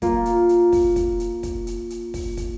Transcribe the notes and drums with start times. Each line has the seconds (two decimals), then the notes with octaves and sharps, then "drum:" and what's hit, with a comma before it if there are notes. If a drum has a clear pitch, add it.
0.02 A#3 F4, drum: kick, hi-hat
0.25 drum: hi-hat
0.49 drum: hi-hat
0.73 drum: kick, open hi-hat
0.96 drum: kick, hi-hat
1.20 drum: hi-hat
1.43 drum: kick, hi-hat
1.67 drum: hi-hat
1.90 drum: hi-hat
2.14 drum: kick, open hi-hat
2.37 drum: kick, hi-hat